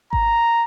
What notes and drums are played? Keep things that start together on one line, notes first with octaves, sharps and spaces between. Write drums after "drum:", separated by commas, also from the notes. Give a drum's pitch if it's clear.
A#5, drum: kick G#1